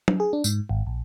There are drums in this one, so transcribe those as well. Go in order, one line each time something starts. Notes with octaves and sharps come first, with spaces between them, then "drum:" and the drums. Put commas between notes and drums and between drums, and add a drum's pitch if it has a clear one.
drum: tom F#3
G#4
D4
G#2, drum: tambourine
G#1
A#1